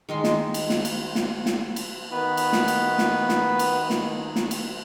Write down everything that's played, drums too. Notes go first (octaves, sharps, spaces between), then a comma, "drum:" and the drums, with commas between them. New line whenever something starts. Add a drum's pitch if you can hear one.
D#3 G#3 C6
drum: snare
drum: cymbal
drum: snare
drum: cymbal
drum: snare
drum: snare
drum: cymbal
D#3 B3 B4
drum: cymbal
drum: snare
drum: cymbal
drum: snare
drum: snare
drum: cymbal
drum: snare
drum: snare
drum: cymbal